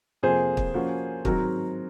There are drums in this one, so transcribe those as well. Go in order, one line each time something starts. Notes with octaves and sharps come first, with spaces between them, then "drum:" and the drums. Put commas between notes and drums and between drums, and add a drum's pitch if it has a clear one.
F2 C3 F3 A#3 G#4 C5
drum: kick
F3 A#3 C#4 F#4
G#2 D#3 F#3 C4 F#4 A#4, drum: kick